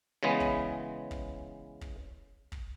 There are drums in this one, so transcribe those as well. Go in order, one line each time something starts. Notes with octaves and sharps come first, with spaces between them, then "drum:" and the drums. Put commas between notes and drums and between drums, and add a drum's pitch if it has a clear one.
C#3 E3 G#3 B3
drum: kick
drum: kick
drum: kick
drum: kick